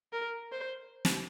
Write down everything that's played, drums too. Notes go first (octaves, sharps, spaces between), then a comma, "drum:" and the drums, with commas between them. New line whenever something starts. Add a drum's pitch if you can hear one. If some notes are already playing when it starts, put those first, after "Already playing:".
A#4
C5
drum: snare